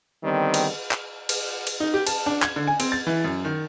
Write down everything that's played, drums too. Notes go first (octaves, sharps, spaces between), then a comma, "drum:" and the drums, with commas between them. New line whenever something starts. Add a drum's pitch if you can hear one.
D3 D#3 G3 B3 C4 D4
drum: cymbal
drum: clap
drum: cymbal
drum: cymbal
D#4
G4
A5, drum: cymbal
D4
G#6, drum: clap
D3
G#5
C4, drum: cymbal
A6
E3
F#2
D#3